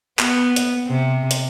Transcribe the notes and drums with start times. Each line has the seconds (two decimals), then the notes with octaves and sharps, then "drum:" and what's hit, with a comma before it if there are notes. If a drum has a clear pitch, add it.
0.19 B3, drum: clap
0.56 drum: hi-hat
0.88 C3
1.31 drum: hi-hat